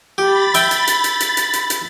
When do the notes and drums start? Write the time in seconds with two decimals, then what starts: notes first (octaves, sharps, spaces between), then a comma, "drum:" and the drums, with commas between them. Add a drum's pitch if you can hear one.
0.18 G4 B5 A6
0.54 E5 G5, drum: hi-hat
0.71 drum: hi-hat
0.87 drum: hi-hat
1.04 drum: hi-hat
1.20 drum: hi-hat
1.37 drum: hi-hat
1.53 drum: hi-hat
1.70 drum: hi-hat